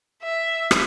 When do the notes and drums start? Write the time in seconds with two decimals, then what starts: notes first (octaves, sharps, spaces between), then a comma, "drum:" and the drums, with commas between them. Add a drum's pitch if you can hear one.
0.23 E5
0.71 drum: rim click